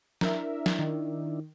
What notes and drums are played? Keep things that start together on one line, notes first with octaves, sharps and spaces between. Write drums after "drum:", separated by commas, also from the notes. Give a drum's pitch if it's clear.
D4 E4 A#4 E5, drum: snare
drum: snare
D#3